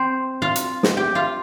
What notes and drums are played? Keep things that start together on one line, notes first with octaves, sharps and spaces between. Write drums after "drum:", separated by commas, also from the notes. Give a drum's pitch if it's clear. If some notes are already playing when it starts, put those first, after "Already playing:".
Already playing: C4 C5
F4 F5
drum: hi-hat
drum: snare
G4 G5
F4 F5